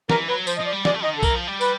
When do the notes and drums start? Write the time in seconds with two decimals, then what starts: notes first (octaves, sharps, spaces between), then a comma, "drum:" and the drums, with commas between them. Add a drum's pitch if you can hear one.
0.10 E3 A#4, drum: snare
0.28 F#3 B4
0.47 F3 C5, drum: tambourine
0.57 D#5
0.60 F3
0.66 D5
0.72 G3
0.85 G#3 D5, drum: snare
0.94 A3
1.03 D#3 D#5
1.13 D3
1.18 A4
1.23 E3 A#4, drum: kick, tambourine
1.35 F3
1.47 G3
1.61 B4, drum: tambourine